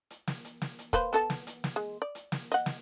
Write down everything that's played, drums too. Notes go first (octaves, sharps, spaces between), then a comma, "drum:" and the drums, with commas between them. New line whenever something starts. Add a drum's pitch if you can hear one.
drum: hi-hat
drum: snare
drum: hi-hat
drum: snare
drum: hi-hat
A#3 B4 C5, drum: kick, hi-hat
B3 A4 A5, drum: hi-hat
drum: snare
drum: hi-hat
drum: snare
G#3
D5
drum: hi-hat
drum: snare
D#5 F#5, drum: hi-hat
drum: snare